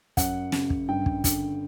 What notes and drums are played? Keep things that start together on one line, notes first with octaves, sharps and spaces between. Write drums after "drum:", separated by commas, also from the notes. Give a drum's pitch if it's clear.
F#2 F#5, drum: kick, hi-hat
C#3, drum: snare
drum: kick
G2 G5
drum: kick
D3, drum: kick, hi-hat